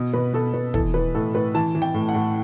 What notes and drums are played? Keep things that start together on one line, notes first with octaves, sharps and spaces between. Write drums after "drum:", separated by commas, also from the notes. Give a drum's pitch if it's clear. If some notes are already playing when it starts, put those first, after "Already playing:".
Already playing: B2
B2 B4
B2 A4
B2 B4
E3 A4, drum: kick
E3 B4
A2 A4
A2 B4
E3 A5
E3
G5
A2
F#5
A2